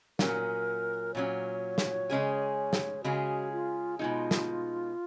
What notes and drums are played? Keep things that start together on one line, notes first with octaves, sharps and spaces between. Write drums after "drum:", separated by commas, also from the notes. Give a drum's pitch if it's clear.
A#2 F#3 C#4 A#4, drum: snare
A#2 F#3 C#4 C#5
drum: snare
C#3 G#3 C#4 G#4
drum: snare
C#3 G#3 C#4 F#4 G#4
F4
B2 G#3 D#4 F4
drum: snare